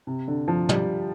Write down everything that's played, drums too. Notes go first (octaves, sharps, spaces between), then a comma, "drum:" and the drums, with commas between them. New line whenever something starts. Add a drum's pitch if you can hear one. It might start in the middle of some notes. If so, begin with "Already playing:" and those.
C3
D3
F3
G3, drum: tom